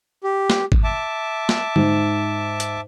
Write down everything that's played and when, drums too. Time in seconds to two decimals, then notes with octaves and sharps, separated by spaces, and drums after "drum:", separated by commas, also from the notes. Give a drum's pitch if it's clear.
0.24 G4
0.50 drum: snare
0.72 drum: kick G#1
0.84 E5 A5 D6
1.49 drum: snare
1.76 G#2, drum: tom D3
2.60 drum: hi-hat